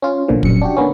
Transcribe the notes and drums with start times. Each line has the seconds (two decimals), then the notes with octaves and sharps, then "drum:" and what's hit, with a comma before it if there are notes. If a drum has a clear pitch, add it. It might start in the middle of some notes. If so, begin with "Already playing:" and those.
0.02 C#4 F4
0.28 B1 A#2 D3 F3
0.43 A#1 F#2 C#7, drum: kick
0.62 D4 F#4 G4
0.77 D3 A#3 B3 C#4